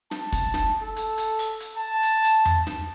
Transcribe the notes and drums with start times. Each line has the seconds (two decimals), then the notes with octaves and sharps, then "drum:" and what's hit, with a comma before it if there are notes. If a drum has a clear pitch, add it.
0.11 A5, drum: snare
0.32 drum: kick, hi-hat
0.54 drum: snare
0.82 A4
0.96 drum: hi-hat
1.18 drum: hi-hat
1.39 drum: open hi-hat
1.60 drum: hi-hat
1.77 A5
2.03 drum: hi-hat
2.24 drum: hi-hat
2.45 drum: tom E2
2.67 drum: snare